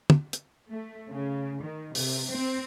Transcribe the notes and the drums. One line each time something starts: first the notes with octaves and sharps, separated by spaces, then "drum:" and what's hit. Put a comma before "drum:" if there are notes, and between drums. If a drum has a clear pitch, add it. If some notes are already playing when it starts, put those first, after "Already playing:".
drum: tom
drum: hi-hat
A3
C#3
D#3
C3, drum: open hi-hat
C4